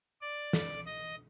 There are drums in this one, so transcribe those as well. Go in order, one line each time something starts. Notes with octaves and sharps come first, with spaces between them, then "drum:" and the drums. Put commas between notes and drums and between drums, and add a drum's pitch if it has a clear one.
D5
drum: snare
D#5